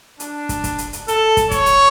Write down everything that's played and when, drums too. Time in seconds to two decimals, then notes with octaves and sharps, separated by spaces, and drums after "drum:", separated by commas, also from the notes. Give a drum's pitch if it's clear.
0.20 D4, drum: hi-hat
0.49 drum: kick, hi-hat
0.64 drum: kick, hi-hat
0.78 drum: hi-hat
0.93 drum: hi-hat
1.08 A4, drum: hi-hat
1.37 drum: kick, hi-hat
1.51 C#5, drum: kick, hi-hat
1.66 drum: hi-hat